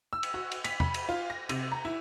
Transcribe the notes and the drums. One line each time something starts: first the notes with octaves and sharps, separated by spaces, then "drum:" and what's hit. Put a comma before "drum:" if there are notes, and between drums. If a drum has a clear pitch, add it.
E6
drum: cymbal
F#4
drum: cymbal
B6, drum: cymbal
B5, drum: tom E2
drum: cymbal
F4
A#6
C3, drum: cymbal
A#5
E4